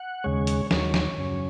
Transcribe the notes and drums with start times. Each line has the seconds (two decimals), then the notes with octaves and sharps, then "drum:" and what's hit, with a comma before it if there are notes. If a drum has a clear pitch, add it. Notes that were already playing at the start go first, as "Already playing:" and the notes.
Already playing: F#5
0.24 D#2 C#3 G#3 C#5
0.47 drum: hi-hat
0.71 D#2 D#3 F#3 C#5, drum: snare
0.94 drum: snare
1.18 F#2 C#3 F#3 C#4